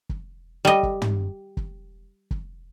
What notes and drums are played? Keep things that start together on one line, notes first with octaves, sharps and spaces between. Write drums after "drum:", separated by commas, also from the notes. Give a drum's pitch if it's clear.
drum: kick
G3 D#5
drum: kick
drum: tom
drum: kick
drum: kick